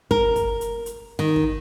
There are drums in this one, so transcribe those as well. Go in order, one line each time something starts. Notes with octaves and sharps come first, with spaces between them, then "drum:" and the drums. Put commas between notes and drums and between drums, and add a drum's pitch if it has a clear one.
A#4, drum: kick
drum: kick, hi-hat
drum: hi-hat
drum: hi-hat
D#3
drum: kick